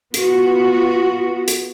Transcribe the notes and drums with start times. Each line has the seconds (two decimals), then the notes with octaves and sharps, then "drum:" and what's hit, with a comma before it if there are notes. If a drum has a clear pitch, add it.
0.14 B3 F4 F#4, drum: hi-hat
1.48 drum: hi-hat